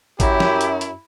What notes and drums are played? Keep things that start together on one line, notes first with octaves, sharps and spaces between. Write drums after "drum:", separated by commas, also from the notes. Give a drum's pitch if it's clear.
F#2 E4 G4, drum: kick, hi-hat
drum: snare
drum: hi-hat
drum: hi-hat